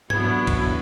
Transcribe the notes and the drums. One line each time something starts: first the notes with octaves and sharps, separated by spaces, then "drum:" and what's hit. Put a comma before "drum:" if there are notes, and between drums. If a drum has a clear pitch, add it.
F#3 B3 D4 E4 G#6, drum: tom G#2
drum: kick C2, cymbal